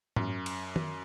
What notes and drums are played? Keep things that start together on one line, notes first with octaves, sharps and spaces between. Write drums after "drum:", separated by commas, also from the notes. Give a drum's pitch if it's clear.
F#2, drum: tom G#2
drum: cymbal
drum: tom D#3